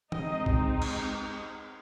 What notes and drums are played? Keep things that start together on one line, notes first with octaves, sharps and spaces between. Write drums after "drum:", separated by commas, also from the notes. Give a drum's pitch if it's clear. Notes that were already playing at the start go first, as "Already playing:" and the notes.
G#3 C4 D#4 D#5, drum: tom
drum: kick
drum: cymbal